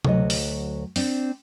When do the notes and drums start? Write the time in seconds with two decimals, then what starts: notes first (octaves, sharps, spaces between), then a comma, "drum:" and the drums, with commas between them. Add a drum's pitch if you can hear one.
0.05 D2 F#3 D#5, drum: tom C3
0.30 drum: open hi-hat
0.96 C4 D4, drum: open hi-hat